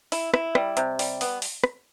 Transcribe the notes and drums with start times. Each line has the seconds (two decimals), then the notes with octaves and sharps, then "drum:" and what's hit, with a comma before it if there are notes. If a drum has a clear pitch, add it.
0.12 E4, drum: open hi-hat
0.34 E4, drum: rim click
0.55 G3, drum: rim click
0.77 C3, drum: hi-hat
0.99 G3, drum: open hi-hat
1.21 B3, drum: open hi-hat
1.42 drum: open hi-hat
1.64 drum: rim click